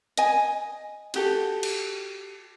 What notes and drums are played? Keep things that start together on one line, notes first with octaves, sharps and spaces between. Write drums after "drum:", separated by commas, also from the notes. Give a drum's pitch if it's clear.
D#5 G#5, drum: hi-hat
F#4 G4 A4, drum: cymbal
drum: cymbal